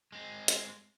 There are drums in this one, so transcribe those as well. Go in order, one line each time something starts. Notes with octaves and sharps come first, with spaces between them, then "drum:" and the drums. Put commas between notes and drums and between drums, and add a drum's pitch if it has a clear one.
G#3 C4
drum: hi-hat